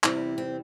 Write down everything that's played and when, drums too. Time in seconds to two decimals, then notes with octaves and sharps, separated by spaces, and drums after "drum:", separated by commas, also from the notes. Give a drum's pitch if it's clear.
0.04 E2 C3 G3 C4 E4, drum: clap
0.38 C4